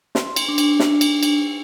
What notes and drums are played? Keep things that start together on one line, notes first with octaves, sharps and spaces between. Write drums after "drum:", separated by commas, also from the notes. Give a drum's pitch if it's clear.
C6, drum: snare
drum: cymbal
D4
drum: cymbal
drum: snare
drum: cymbal
drum: cymbal